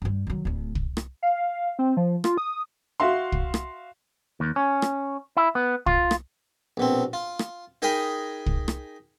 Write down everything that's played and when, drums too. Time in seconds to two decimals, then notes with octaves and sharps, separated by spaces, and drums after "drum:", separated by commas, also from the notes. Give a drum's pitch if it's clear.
0.02 G2 G3
0.27 D#3 F#3
0.45 D1 D2
0.75 drum: kick
0.97 drum: rim click
1.23 F5
1.79 C4
1.97 F3
2.24 F4, drum: rim click
2.38 D#6
3.00 F#4 E5 F5 C6
3.32 drum: kick
3.54 drum: rim click
4.40 D#2
4.56 C#4
4.82 drum: rim click
5.37 E4
5.55 B3
5.86 F4, drum: kick
6.11 drum: rim click
6.77 A#1 B2 C4
7.13 F4
7.39 drum: rim click
7.82 D#4 G#4 A#4 G5 G#5 B5
8.46 drum: kick
8.68 drum: rim click